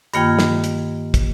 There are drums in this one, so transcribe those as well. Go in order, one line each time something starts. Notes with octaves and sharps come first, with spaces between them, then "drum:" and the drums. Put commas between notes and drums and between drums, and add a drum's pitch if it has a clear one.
G2 D#3 A#3 F4 G5 G#6, drum: hi-hat
drum: snare
drum: hi-hat
drum: kick, hi-hat